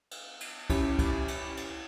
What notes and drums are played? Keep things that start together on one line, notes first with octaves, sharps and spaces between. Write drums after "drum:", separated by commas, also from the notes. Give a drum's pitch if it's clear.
drum: cymbal
drum: cymbal
C#4 E4 G4, drum: kick, cymbal
drum: kick, cymbal
drum: cymbal
drum: cymbal